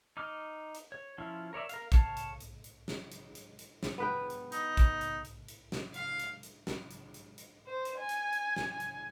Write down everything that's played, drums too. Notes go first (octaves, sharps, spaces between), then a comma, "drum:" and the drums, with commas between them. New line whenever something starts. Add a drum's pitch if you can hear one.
D#4 D6 F6
drum: hi-hat
C#5
F3 C#4 E4 F4
A#4 C#5 D5 E5
A#4 F5, drum: hi-hat
C#5 F5 A5, drum: kick, hi-hat
drum: hi-hat
drum: hi-hat
drum: hi-hat
drum: snare
drum: hi-hat
drum: hi-hat
drum: hi-hat
drum: snare
B3 B4 G5
drum: hi-hat
D#4, drum: hi-hat
drum: kick, hi-hat
drum: hi-hat
drum: hi-hat
drum: hi-hat
drum: snare
F5, drum: hi-hat
drum: hi-hat
drum: hi-hat
drum: snare
drum: hi-hat
drum: hi-hat
drum: hi-hat
C5
drum: hi-hat
G#5
drum: hi-hat
drum: hi-hat
drum: snare
G#5
drum: hi-hat